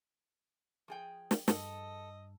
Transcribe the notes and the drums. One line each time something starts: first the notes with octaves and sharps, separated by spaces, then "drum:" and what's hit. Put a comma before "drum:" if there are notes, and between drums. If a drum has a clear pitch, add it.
F3 G#4 G5
drum: snare
G2 A4 D#5, drum: snare